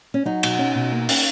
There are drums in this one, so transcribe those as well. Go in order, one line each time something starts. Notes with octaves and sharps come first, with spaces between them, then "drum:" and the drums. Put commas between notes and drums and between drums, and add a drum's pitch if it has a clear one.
C#4
F#3 D#4
B2, drum: cymbal
C#4
B2
A#3
C#4, drum: open hi-hat